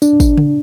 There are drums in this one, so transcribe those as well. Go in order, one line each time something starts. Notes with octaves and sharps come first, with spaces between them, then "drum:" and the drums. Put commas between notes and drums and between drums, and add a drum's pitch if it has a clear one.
D4, drum: tambourine
drum: kick, tambourine
drum: tom C#3